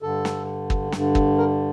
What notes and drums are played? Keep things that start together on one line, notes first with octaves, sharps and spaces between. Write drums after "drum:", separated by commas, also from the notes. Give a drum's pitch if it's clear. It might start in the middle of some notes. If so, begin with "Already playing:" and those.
G2 D3 A4
drum: snare
drum: kick
G2 D3, drum: snare
drum: kick
A#4